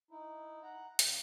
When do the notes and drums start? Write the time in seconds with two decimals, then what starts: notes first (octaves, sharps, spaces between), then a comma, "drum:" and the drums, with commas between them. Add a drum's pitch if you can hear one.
0.11 D#4 E4
0.63 F#5 A#5
0.99 C#3, drum: hi-hat